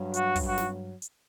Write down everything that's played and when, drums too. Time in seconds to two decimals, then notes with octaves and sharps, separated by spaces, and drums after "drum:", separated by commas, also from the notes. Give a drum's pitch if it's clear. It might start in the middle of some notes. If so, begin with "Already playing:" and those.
Already playing: G2 F#3
0.14 F#4, drum: hi-hat
0.36 drum: kick, open hi-hat
0.46 F#4
0.58 drum: snare
1.02 drum: hi-hat